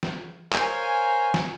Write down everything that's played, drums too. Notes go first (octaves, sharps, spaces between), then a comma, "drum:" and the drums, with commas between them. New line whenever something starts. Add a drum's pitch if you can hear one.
drum: snare
A#4 C5 C#5 F5 G#5, drum: clap
drum: snare